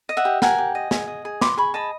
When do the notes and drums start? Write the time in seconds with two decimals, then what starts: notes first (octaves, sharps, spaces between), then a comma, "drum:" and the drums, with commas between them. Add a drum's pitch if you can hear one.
0.09 D#5
0.17 E5 F#5
0.25 G4
0.42 A#4 F#5 G#5, drum: snare
0.58 G4
0.75 D#5
0.91 G#4, drum: snare
1.08 D#5
1.25 G#4
1.41 B4 C6 D6, drum: snare
1.57 G#4 B5 C#6
1.74 D#5 A5 B5